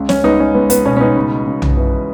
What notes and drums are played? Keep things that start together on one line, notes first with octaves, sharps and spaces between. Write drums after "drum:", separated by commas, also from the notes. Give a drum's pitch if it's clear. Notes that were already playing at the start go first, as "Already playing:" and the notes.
Already playing: C#2 C#3
C#4, drum: snare
C#2 B3 D#4
C#4
C#2 B3
B3, drum: hi-hat
B2 C#4
C#4
B3 D#4
C#3
C#3
drum: tom B1
E3